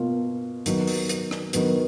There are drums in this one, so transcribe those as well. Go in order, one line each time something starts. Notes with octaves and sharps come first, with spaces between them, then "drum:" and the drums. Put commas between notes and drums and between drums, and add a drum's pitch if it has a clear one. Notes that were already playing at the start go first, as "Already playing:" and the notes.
Already playing: B2 A#3 F4
D#3 F#3 B3, drum: hi-hat
drum: open hi-hat
drum: hi-hat
drum: rim click
D#3 F#3 B3, drum: hi-hat